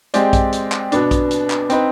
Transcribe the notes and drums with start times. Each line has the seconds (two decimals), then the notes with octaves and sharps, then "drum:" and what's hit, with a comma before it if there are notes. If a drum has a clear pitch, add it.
0.14 G#3 C4 G4 D5, drum: hi-hat
0.33 drum: kick A#1, hi-hat
0.53 drum: hi-hat
0.72 drum: clap
0.92 B2 B3 D4, drum: hi-hat
1.11 drum: kick A#1, hi-hat
1.31 drum: hi-hat
1.50 drum: clap
1.70 C4 D#4 B4, drum: hi-hat